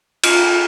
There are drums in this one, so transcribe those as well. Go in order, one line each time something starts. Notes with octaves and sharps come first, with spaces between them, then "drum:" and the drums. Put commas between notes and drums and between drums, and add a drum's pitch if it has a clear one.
F4, drum: cymbal